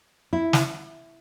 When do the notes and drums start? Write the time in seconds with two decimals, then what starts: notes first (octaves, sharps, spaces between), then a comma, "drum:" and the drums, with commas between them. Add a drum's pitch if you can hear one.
0.33 E4
0.53 drum: snare